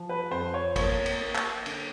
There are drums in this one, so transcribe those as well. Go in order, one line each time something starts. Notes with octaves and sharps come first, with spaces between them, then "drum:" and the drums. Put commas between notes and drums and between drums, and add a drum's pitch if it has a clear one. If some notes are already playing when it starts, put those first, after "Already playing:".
Already playing: F3
B4
F2 C5
C#5
A#3 C#5, drum: kick, cymbal
drum: cymbal
A#3
drum: clap
D3, drum: cymbal